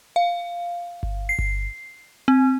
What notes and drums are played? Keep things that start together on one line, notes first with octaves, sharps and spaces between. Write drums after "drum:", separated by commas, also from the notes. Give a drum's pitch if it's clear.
F5
drum: kick G1
C7
drum: kick G1
C4